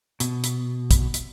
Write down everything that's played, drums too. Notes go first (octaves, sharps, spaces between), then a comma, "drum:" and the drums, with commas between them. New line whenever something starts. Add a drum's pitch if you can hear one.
B2, drum: hi-hat
drum: hi-hat
drum: kick, hi-hat
drum: hi-hat